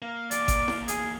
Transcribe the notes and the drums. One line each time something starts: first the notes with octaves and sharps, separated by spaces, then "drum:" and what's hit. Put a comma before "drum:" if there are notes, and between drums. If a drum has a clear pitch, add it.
A#3
E2 A#3 D5, drum: hi-hat
drum: kick G#1, hi-hat
drum: snare E4
G#4, drum: hi-hat